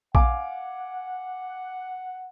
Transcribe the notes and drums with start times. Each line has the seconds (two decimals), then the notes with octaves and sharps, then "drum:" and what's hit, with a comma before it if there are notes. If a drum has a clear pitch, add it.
0.15 F5 F#5 G#5 D6, drum: kick A#1